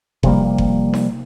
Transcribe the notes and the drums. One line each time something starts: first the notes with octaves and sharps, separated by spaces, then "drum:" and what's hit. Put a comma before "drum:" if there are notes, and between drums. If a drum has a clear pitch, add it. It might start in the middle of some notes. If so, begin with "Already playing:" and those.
C3 F3 G3 A#3, drum: kick F#1
drum: kick F#1
drum: snare D#4